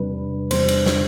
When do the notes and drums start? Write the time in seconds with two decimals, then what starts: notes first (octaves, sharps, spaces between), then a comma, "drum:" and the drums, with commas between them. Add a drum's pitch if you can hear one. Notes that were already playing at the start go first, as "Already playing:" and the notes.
Already playing: E2 C3 G3 D4 B4
0.51 E2 C3 G3 D4 C5, drum: cymbal
0.68 drum: cymbal
0.86 drum: snare